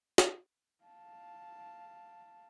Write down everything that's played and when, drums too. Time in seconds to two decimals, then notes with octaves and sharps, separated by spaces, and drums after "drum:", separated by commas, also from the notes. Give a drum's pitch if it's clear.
0.18 drum: snare
0.84 F5 A5